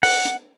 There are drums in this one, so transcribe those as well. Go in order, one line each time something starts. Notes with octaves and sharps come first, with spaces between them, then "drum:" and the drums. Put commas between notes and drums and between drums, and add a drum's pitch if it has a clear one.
F#5, drum: open hi-hat
drum: hi-hat